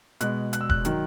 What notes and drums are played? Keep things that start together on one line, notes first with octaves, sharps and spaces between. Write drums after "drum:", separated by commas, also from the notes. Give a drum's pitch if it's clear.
B2 G#3 F#6, drum: hi-hat
F#6, drum: hi-hat
E6
F#6, drum: kick E1
D#3 F#3, drum: hi-hat